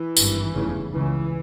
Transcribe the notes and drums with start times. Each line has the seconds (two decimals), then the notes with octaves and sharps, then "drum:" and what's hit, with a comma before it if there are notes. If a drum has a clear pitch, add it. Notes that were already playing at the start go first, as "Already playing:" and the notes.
Already playing: E3
0.17 G#1 G2, drum: tambourine
0.55 F1 E2 C#3
0.94 C#2 C#3 E3